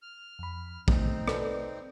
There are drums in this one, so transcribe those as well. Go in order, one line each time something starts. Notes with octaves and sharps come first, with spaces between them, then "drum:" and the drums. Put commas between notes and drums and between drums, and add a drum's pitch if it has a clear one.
F6
F2 B5
B2 A3 C4 D#4, drum: kick
A4 B4 D5, drum: rim click